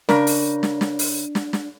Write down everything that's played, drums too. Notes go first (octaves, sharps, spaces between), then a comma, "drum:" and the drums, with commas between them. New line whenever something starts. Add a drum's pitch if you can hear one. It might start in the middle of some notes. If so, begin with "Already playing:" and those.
C#3 D4 A#4, drum: snare
drum: open hi-hat
drum: snare
drum: snare
drum: open hi-hat
drum: snare
drum: snare